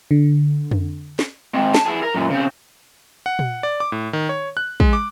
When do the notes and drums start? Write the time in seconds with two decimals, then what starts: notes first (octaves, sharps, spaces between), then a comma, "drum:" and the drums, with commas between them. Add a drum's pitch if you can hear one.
0.11 D3
0.71 drum: tom F2
1.19 drum: snare
1.55 G#3 C4
1.74 A5, drum: snare
1.86 E4 G#4
2.03 A#4
2.15 F#2 A#2
2.30 C#3 C4
3.26 F#5
3.39 drum: tom A#2
3.63 D5
3.80 D6
3.92 A2
4.13 D#3
4.29 C#5
4.57 F#6
4.80 G#3, drum: kick
4.93 D6